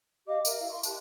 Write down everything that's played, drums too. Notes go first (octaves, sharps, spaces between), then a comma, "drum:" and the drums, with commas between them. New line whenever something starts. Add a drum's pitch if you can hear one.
G4 D#5 F5 D6
A#4 E5, drum: tambourine
E4 F5
C6 C#6
G4 A5 F#6, drum: tambourine